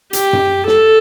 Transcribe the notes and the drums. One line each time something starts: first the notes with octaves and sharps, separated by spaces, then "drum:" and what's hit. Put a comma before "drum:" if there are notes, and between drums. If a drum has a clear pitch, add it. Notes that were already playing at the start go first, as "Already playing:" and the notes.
G4, drum: hi-hat
drum: tom F#2
A4, drum: snare